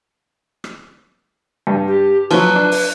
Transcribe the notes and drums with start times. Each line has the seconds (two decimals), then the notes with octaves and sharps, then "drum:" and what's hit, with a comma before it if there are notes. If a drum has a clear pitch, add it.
0.64 drum: rim click
1.67 G2
1.88 G4
2.31 F3 F#3 B4, drum: cymbal
2.55 D4
2.72 drum: open hi-hat